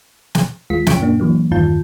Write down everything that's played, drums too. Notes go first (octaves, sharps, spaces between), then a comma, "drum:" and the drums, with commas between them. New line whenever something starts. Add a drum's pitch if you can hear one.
drum: snare
D#2 G#3 F4 B6
D#2 C#4 E5 G5 C#6 D7, drum: snare
F#2 A#2 A#3 D4
E3 F#3 A#3
E2 G2 D#3 F4 A5 G6